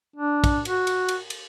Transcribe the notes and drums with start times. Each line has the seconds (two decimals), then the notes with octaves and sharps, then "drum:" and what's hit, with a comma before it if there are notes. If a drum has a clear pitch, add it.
0.16 D4
0.44 drum: kick, cymbal
0.65 F#4, drum: cymbal
0.87 drum: cymbal
1.09 drum: cymbal
1.30 drum: cymbal